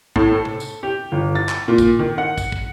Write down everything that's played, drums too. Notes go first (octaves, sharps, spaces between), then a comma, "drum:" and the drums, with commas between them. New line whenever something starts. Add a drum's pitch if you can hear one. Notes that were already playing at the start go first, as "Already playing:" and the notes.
A2, drum: kick
A4
drum: tom C3
drum: tambourine
G4
G1
A6
drum: clap
A#2
drum: kick, tambourine
D#3
F#5
drum: kick, tambourine
drum: kick